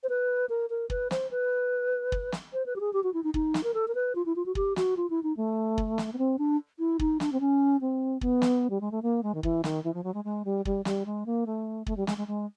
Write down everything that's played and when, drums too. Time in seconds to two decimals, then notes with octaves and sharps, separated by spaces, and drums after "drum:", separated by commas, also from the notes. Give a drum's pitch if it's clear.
0.03 C5
0.09 B4
0.49 A#4
0.70 A#4
0.90 B4, drum: kick
1.11 C5, drum: snare
1.31 B4
2.12 drum: kick
2.32 drum: snare
2.53 C5
2.66 B4
2.76 G4
2.80 G#4
2.93 G4
3.03 F#4
3.14 E4
3.24 D#4
3.34 D#4, drum: kick
3.54 drum: snare
3.64 A#4
3.74 A4
3.88 A#4
3.95 B4
4.15 F4
4.26 E4
4.36 F4
4.46 F#4
4.55 G4, drum: kick
4.76 F#4, drum: snare
4.97 F4
5.10 E4
5.23 D#4
5.37 A3
5.78 drum: kick
5.98 drum: snare
6.13 B3
6.18 C4
6.38 D4
6.79 E4
6.99 D#4, drum: kick
7.20 D4, drum: snare
7.32 C4
7.40 C#4
7.81 C4
8.21 B3, drum: kick
8.42 drum: snare
8.70 G3
8.81 G#3
8.91 A3
9.02 A#3
9.23 G#3
9.34 D#3
9.43 E3, drum: kick
9.64 D#3, drum: snare
9.84 E3
9.94 F3
10.04 F#3
10.14 G#3
10.24 G#3
10.45 G3
10.65 G3, drum: kick
10.85 G3, drum: snare
11.06 G#3
11.26 A#3
11.46 A3
11.86 A3, drum: kick
11.97 G3
12.07 G#3, drum: snare
12.17 G#3
12.27 G#3